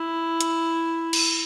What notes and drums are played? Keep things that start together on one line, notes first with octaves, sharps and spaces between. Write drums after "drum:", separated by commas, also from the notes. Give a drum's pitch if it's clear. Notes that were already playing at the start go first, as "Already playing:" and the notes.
Already playing: E4
drum: hi-hat
drum: cymbal